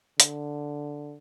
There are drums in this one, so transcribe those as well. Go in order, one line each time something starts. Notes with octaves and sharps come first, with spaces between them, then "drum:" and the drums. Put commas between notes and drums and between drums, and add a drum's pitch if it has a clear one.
D3, drum: hi-hat